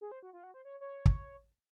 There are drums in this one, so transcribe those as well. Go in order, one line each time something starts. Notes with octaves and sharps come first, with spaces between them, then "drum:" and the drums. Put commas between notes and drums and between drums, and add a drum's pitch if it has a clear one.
G#4
C5
F#4
F4
F#4
C5
C#5
C#5
drum: kick